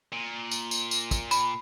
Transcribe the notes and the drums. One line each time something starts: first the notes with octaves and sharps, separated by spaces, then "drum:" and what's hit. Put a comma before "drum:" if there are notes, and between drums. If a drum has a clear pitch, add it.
A#2
drum: tambourine
drum: tambourine
drum: tambourine
drum: kick, tambourine
B5, drum: tambourine